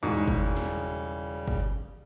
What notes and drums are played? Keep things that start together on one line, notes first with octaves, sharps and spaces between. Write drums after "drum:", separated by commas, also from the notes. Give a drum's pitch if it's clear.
E1 G#2 C#3 G3 G#5 C#6
drum: kick
drum: snare
drum: kick